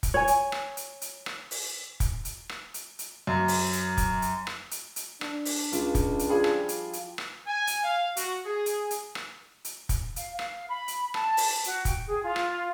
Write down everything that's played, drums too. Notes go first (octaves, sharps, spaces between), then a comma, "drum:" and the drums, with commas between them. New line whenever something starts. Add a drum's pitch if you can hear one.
drum: kick, hi-hat
C#5 G#5
drum: hi-hat
drum: rim click
drum: hi-hat
drum: hi-hat
drum: rim click
drum: open hi-hat
drum: kick, hi-hat
drum: hi-hat
drum: rim click
drum: hi-hat
drum: hi-hat
F#2
drum: open hi-hat
drum: hi-hat
drum: kick, hi-hat
drum: hi-hat
drum: rim click
drum: hi-hat
drum: hi-hat
D4, drum: rim click
drum: open hi-hat
C#2 F4, drum: hi-hat
drum: kick, hi-hat
drum: hi-hat
F3 G3 F4 G#4
drum: rim click
drum: hi-hat
drum: hi-hat
drum: rim click
G#5
drum: hi-hat
F5
F#4, drum: hi-hat
G#4
drum: hi-hat
drum: hi-hat
drum: rim click
drum: hi-hat
drum: kick, hi-hat
F5, drum: hi-hat
F5, drum: rim click
B5
drum: hi-hat
A5, drum: rim click
drum: open hi-hat
F#4, drum: hi-hat
G5, drum: kick, hi-hat
G#4
F4
drum: rim click